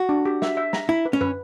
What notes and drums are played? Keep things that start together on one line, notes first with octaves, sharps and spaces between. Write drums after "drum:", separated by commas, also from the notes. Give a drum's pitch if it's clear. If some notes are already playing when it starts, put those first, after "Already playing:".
Already playing: F#4
D4
G4
E5, drum: snare
E5
A#5, drum: snare
E4 B5
B4
C#4
B4, drum: tom